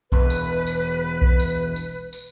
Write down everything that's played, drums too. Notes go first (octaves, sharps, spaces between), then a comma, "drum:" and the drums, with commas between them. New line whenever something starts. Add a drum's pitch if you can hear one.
E1 B4, drum: kick B1
drum: tambourine
drum: tambourine
drum: kick B1
drum: tambourine
drum: tambourine
drum: tambourine